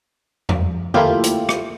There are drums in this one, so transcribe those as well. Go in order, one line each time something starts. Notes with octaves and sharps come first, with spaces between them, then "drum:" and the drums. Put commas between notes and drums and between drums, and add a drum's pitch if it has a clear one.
drum: tom E2
A3 A#3 E4 F4 G4, drum: tom
drum: hi-hat
drum: rim click